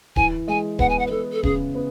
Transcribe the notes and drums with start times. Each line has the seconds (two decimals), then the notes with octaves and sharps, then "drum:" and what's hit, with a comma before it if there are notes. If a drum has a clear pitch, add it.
0.16 E3 G#5, drum: kick D1
0.48 G#3 G#5
0.79 B3 F#5, drum: kick D1
0.89 G#5
0.99 F#5
1.07 B4
1.11 B3 A4
1.32 A4
1.43 C#3 G#4, drum: kick D1
1.75 B3